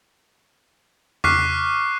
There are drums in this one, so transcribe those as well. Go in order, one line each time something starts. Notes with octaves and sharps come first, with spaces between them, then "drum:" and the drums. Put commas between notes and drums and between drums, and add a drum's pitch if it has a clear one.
C#6 D6 F6 F#6 B6 C7, drum: tom E2